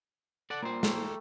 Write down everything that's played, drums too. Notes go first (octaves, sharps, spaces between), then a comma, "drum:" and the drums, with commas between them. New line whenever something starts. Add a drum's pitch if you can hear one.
A4 D5 F#5
A#2 G3 A#3 C5
A3 G4, drum: snare